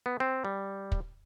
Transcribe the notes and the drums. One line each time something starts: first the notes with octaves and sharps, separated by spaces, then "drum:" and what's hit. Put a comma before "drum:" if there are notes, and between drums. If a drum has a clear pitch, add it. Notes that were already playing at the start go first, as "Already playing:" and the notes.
B3
C4
G3
drum: kick